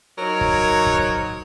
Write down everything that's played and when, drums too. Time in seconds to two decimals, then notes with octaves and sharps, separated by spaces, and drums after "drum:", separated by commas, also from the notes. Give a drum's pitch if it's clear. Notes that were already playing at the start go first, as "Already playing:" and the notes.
0.18 F#3 D#4 A#4 C5 C#5
0.41 drum: kick
0.86 drum: kick